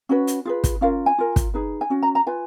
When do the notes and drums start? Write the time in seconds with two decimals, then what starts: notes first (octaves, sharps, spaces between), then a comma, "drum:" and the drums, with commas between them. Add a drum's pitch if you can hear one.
0.09 C#4 F#4 B4
0.27 drum: hi-hat
0.45 F4 G#4 B4
0.64 drum: kick, hi-hat
0.81 C#4 F4 A#4 F5
1.06 G#5
1.18 F4 A#4
1.36 drum: kick, hi-hat
1.54 D#4 G#4 B4
1.81 G#5
1.90 C#4 F#4
2.02 A#5
2.15 A#5
2.26 F4 B4 G#5